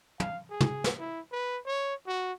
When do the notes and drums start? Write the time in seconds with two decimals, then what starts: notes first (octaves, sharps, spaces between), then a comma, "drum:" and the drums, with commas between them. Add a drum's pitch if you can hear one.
0.20 F5, drum: tom
0.50 G#4
0.60 drum: tom
0.84 drum: snare
1.00 E4
1.32 B4
1.66 C#5
2.07 F#4